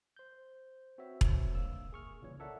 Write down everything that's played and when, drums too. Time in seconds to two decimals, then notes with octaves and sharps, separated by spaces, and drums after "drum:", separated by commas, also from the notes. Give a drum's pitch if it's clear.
0.16 C5 G6
0.98 C4 F#4 B4 C#5 E5
1.21 drum: kick E1
1.52 C#2 G2 A#3 E6
1.93 G#4 C#6 F6
2.21 C2 A#2 C#3 E3 C#5
2.40 A4 A#4 C#5 D5 E5 F#5